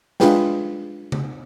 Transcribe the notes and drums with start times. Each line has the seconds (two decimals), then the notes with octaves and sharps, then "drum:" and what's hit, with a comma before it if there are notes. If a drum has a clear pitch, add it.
0.20 G#3 D4 F4 G#4 B4 G5, drum: snare
1.12 drum: tom C#3